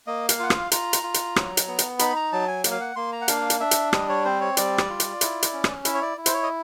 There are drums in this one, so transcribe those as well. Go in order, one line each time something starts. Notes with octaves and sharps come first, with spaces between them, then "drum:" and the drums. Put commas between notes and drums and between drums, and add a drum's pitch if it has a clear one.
A#3 D#5
F5, drum: hi-hat
F4 F#5
F5, drum: rim click
F4 A#5, drum: hi-hat
drum: hi-hat
F4
drum: hi-hat
F#3, drum: rim click
drum: hi-hat
B3
drum: hi-hat
D#4 B5, drum: hi-hat
A#5
F#3 A5
G#5
A#3, drum: hi-hat
F5
F#5
A#3 C6
A#5
F#5
D4 F5, drum: hi-hat
drum: hi-hat
D4 E5
drum: hi-hat
G3 D#5, drum: rim click
C#5
C4 C5
C#5
G3 D5, drum: hi-hat
drum: rim click
F4
drum: hi-hat
E4, drum: hi-hat
drum: hi-hat
C#4
drum: rim click
E4 E5, drum: hi-hat
C#5
D5
E4
C5, drum: hi-hat
C#5
D#5